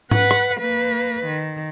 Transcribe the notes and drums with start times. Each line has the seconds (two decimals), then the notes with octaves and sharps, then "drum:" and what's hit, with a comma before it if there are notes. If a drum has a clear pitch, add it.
0.11 B4 F#5, drum: tom G#2
0.31 drum: rim click
0.60 A#3 B4
1.26 D#3